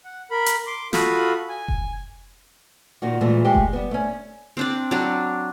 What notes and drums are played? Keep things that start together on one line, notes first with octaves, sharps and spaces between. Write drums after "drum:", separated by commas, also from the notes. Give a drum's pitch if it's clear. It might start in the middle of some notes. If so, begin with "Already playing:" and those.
F#5
A#4 B5
drum: hi-hat
C6 D6
F4 F#4 A4 F5 B5 D#6, drum: snare
G#5
drum: kick F1
A#2 D#3 A#3 F#4
A#2 E3 F#3 G#3 A3
G#3 A3 G4
drum: kick F1
G3 B3
A3 C#4
C4 D4 D5
F#3 D4